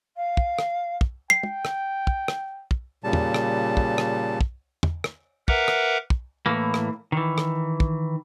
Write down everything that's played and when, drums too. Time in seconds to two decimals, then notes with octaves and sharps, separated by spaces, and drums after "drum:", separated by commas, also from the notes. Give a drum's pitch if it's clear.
0.16 F5
0.37 drum: kick
0.59 drum: rim click
1.01 drum: kick
1.30 G5 C7
1.43 drum: tom
1.65 drum: rim click
2.07 drum: kick
2.28 drum: rim click
2.71 drum: kick
3.04 A#2 C#3 G3 A5
3.13 drum: tom
3.34 drum: rim click
3.77 drum: kick
3.98 drum: rim click
4.41 drum: kick
4.83 drum: tom
5.04 drum: rim click
5.48 A#4 B4 E5 F#5 A#5 D6, drum: kick
5.68 drum: rim click
6.10 drum: kick
6.46 A2 E3 A#3
6.74 drum: rim click
7.12 D#3 E3
7.38 drum: rim click
7.80 drum: kick